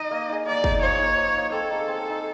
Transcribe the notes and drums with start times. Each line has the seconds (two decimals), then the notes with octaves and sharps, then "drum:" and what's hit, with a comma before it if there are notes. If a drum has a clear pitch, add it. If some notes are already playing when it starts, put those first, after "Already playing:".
Already playing: D#4 D#5
0.11 A#3
0.29 D#4 G#4
0.46 A#3 D5
0.64 D#4 G#4, drum: kick
0.81 F3 C#5
0.99 A#3 D#4
1.17 F3
1.34 A#3 D#4
1.52 C4 A4
1.70 D#4 G#4
1.88 C4
2.06 D#4 G#4